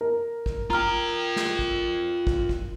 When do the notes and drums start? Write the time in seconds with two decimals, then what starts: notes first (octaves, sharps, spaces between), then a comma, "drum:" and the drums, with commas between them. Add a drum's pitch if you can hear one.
0.01 A#4
0.46 drum: kick
0.70 F4 G5 A#5 F6, drum: kick
1.36 drum: snare
1.59 drum: kick
2.27 drum: kick
2.49 drum: kick